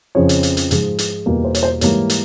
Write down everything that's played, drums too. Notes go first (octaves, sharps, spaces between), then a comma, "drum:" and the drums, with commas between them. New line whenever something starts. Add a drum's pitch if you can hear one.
F2 C#3 F3 C#5
drum: hi-hat
drum: hi-hat
drum: hi-hat
G#2 F3 G#3, drum: hi-hat
drum: hi-hat
E2 B2 G3 A#3
C5
C#5, drum: hi-hat
C5
G#2 E3 G3 A#3 C#5, drum: hi-hat
drum: hi-hat